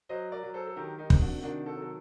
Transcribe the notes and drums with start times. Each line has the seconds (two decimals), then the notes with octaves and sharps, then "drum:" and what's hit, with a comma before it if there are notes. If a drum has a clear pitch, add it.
0.09 F#3 C5 D#5
0.32 A#4 D5
0.43 F#3
0.54 A4 C5
0.67 A4
0.76 D#3 G4 A#4
0.98 D#4 G4
1.10 C3, drum: kick
1.21 D4 F#4
1.43 D#3 D4 F#4
1.66 F#4 A4
1.76 F#3
1.82 A4